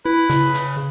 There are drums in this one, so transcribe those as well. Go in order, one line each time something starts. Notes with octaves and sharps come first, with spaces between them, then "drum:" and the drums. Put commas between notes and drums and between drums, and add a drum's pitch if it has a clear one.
E4 B4
C#3, drum: hi-hat
drum: hi-hat